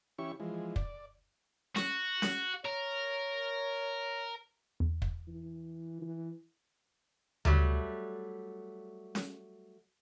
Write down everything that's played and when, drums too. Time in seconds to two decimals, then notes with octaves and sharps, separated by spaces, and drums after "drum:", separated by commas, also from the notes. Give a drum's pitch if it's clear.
0.19 E3 C#4 E4 G4 C#6
0.40 E3 F3 G#3
0.76 D5, drum: kick
1.76 F#4, drum: snare C#4
2.22 drum: snare C#4
2.65 A#4 C#5
4.80 E2
5.02 drum: kick
5.28 E3
6.02 E3
7.45 F#3 G3 A3, drum: tom D2
9.15 drum: snare C#4